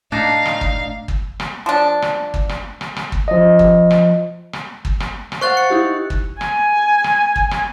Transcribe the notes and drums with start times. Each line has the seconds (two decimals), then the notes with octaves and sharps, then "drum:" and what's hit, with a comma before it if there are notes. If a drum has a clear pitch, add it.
0.12 A2 D4 D#4 F5
0.45 drum: rim click
0.61 drum: kick
1.08 drum: kick
1.40 drum: rim click
1.66 F3 D4
2.02 drum: rim click
2.34 drum: kick
2.49 drum: rim click
2.81 drum: rim click
2.96 drum: rim click
3.12 drum: kick
3.28 F3 D#5
3.59 drum: kick
3.91 drum: rim click
4.53 drum: rim click
4.85 drum: kick
5.00 drum: rim click
5.32 drum: rim click
5.41 C5 F5 F#5 C#6 F#6 A6
5.57 C#7
5.70 D#4 E4 G4
6.10 drum: kick
6.41 G#5, drum: rim click
7.04 drum: rim click
7.36 drum: kick
7.51 drum: rim click